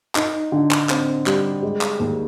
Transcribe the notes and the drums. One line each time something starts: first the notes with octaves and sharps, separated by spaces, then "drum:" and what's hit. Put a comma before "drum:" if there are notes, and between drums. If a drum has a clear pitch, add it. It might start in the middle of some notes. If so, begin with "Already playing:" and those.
D#4, drum: clap
D3
drum: clap
C4, drum: clap
G3, drum: clap
G#3
drum: clap
D#2